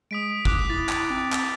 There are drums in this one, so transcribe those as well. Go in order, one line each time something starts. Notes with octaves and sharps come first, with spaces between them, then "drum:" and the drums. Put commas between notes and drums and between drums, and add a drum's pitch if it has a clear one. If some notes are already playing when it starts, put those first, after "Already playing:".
G#3 D#6 B6 D7
D6 D#6 F#6, drum: kick
E4 A6
drum: clap
C4
drum: clap